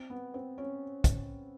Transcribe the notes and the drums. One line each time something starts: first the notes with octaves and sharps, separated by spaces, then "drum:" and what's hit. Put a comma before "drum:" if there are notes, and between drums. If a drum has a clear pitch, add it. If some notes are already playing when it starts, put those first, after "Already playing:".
Already playing: C4
B3
C4
C#4
drum: kick, hi-hat